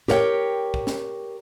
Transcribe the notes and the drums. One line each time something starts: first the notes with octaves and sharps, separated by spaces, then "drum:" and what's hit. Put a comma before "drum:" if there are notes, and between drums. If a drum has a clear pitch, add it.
G4 A#4 C#5 F#5 G5, drum: snare
drum: kick
drum: snare